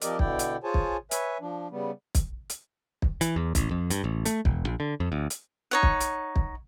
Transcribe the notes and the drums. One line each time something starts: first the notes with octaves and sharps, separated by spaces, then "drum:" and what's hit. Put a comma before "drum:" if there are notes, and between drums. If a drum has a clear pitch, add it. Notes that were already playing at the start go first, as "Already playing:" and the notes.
F3 C4 G4 A#4 D5 D#5, drum: hi-hat
B2 D3 E4 D5 G5, drum: kick
drum: hi-hat
F4 G#4 C5 C#5 G#5 A5
drum: kick
B4 C#5 E5 G#5, drum: hi-hat
F3 D4
C#3 G3 B3
drum: kick, hi-hat
drum: hi-hat
drum: kick
E3, drum: hi-hat
E2
A1, drum: kick, hi-hat
F2
G2, drum: hi-hat
A1
A3, drum: hi-hat
E1, drum: kick
A#1
D3
F2
D2
drum: hi-hat
D#4 C#5 F#5
drum: kick
drum: hi-hat
drum: kick